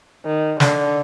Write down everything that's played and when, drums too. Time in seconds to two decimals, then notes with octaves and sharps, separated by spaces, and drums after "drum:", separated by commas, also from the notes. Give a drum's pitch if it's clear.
0.26 D#3
0.60 D3, drum: snare